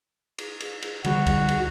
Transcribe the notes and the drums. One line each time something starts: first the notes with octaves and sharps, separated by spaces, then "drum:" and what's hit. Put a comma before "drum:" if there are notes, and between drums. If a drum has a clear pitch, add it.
drum: cymbal
drum: cymbal
drum: cymbal
D3 G3 F#4, drum: cymbal
drum: kick C#2, cymbal
drum: cymbal